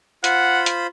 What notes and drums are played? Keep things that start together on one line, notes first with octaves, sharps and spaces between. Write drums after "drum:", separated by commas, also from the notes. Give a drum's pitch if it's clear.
F4 C5 F#5 B5, drum: hi-hat
drum: hi-hat